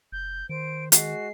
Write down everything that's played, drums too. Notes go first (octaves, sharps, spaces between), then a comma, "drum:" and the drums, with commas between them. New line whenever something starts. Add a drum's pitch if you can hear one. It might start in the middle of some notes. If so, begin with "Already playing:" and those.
F#1 G6
D#3 C5 D7
G#3 F#4 C7, drum: hi-hat